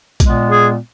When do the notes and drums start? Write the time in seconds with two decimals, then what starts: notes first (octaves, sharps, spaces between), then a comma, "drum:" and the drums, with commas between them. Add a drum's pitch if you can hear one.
0.20 A#2 G#3 B3, drum: kick, hi-hat
0.50 G#4